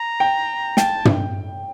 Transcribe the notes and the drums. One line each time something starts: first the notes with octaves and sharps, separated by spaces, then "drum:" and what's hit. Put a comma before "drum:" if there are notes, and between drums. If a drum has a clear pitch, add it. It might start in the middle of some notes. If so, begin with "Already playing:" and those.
Already playing: A#5
G5
G5 A5, drum: snare
drum: tom